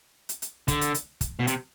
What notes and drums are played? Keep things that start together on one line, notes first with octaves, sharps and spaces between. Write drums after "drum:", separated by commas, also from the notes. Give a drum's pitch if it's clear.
drum: hi-hat
drum: hi-hat
D3, drum: kick, hi-hat
drum: hi-hat
drum: hi-hat
drum: kick, hi-hat
B2
C3, drum: hi-hat